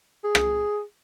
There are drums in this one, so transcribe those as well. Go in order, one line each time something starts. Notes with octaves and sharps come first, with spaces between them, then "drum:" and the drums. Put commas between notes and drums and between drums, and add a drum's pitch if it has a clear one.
G#4
drum: rim click